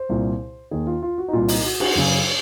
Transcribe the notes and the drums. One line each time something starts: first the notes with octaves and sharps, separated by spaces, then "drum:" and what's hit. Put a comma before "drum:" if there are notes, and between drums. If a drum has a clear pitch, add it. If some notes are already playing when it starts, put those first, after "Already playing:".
Already playing: C5
C2 A#2
D#2 D#3 G#4
F4
F4
F#4
D#4
C2 A#2 F4
D#4, drum: open hi-hat
F#4
F#4, drum: cymbal
F#2 C#3